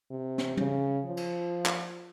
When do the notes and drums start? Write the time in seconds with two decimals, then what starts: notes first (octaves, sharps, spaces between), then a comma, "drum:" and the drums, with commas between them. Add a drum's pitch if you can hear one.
0.11 C3
0.38 drum: snare
0.57 C#3, drum: tom
1.05 F3
1.17 drum: cymbal
1.66 drum: clap